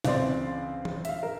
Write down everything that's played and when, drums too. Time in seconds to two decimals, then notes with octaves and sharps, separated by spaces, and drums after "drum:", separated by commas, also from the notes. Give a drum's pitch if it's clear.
0.04 C#2 E3 C4 D5 C6, drum: snare
0.85 drum: tom E3
1.05 E5 F5, drum: hi-hat
1.23 A#4